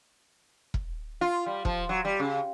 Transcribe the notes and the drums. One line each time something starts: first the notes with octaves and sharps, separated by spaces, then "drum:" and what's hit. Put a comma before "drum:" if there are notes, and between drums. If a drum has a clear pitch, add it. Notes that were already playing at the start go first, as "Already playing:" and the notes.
drum: kick E1
F4
G3
F3, drum: kick E1
F#3
G3
C#3